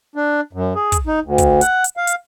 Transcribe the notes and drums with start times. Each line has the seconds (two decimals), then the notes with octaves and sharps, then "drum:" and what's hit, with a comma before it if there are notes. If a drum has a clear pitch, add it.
0.16 D4
0.53 F#2
0.75 G#4
0.92 drum: kick, hi-hat
1.07 D#4
1.25 D2
1.38 drum: kick, hi-hat
1.61 F#5, drum: hi-hat
1.84 drum: hi-hat
1.97 F5
2.07 drum: hi-hat